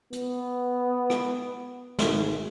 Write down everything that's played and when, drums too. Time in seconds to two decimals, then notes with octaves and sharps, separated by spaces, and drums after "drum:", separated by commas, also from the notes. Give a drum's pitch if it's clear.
0.13 B3, drum: hi-hat
1.10 drum: rim click
1.99 G#1, drum: snare